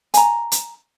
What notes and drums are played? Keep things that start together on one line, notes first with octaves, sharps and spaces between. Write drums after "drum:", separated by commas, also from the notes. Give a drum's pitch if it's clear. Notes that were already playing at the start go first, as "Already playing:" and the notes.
G#5 A#5, drum: hi-hat
drum: hi-hat